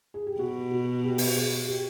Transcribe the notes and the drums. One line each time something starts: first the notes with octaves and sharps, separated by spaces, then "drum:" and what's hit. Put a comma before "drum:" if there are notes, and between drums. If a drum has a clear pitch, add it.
G#4
G4
B2 F#4
F#4
G4
drum: open hi-hat
G#4
G4